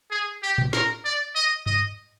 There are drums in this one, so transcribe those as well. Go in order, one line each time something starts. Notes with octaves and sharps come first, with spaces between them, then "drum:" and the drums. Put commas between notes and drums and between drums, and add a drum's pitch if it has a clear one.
G#4
G4
drum: tom A2
A#4, drum: snare
D5
D#5
D#5, drum: tom G2